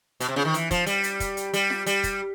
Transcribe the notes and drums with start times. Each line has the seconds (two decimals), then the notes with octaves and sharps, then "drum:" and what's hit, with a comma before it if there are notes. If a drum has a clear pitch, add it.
0.20 B2, drum: hi-hat
0.28 C3
0.36 C#3, drum: snare F4
0.45 D#3
0.54 E3, drum: hi-hat
0.71 F3, drum: kick, hi-hat
0.86 G3, drum: hi-hat
1.04 drum: hi-hat
1.20 drum: kick, hi-hat
1.37 drum: hi-hat
1.53 G3, drum: hi-hat
1.70 drum: snare F4
1.86 G3, drum: hi-hat
2.04 drum: kick, hi-hat